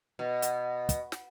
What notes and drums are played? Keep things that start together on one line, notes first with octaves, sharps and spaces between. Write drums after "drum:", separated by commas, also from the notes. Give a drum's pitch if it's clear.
B2
drum: hi-hat
drum: kick, hi-hat
drum: snare